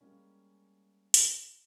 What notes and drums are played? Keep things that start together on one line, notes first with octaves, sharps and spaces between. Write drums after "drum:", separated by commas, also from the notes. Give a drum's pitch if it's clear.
G3 G#3 A#3 C#4
drum: hi-hat